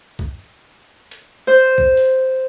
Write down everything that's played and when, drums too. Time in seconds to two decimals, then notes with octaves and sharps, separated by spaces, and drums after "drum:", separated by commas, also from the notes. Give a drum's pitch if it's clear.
0.19 drum: kick
1.11 drum: hi-hat
1.47 C5
1.78 drum: kick
1.97 drum: open hi-hat